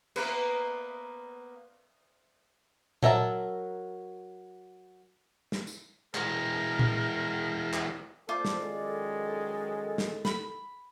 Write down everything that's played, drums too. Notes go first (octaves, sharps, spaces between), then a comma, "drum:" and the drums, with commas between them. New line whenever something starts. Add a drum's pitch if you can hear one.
A#3 B3 B4, drum: cymbal
F#3 A#4 E5 A5, drum: tom A#2
drum: snare
drum: tambourine
E3 G#3 A#4, drum: clap
drum: tom A#2
drum: clap
F4 A4 C5 D5
drum: snare
F#2 D#3 G#3 A4
drum: snare
B5, drum: snare